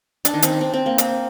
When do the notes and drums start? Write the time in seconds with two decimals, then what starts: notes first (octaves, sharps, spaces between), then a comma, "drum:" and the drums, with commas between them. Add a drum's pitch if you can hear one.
0.25 D4, drum: hi-hat
0.34 D#3
0.42 C4, drum: hi-hat
0.52 D4
0.61 C4
0.74 C4
0.86 A#3
0.98 C4, drum: hi-hat